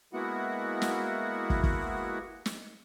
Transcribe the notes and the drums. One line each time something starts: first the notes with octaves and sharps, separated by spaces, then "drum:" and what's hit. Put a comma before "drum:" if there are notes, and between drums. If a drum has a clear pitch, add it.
G#3 A#3 B3 E4 F#4 F#5
drum: snare
drum: kick
drum: kick
drum: snare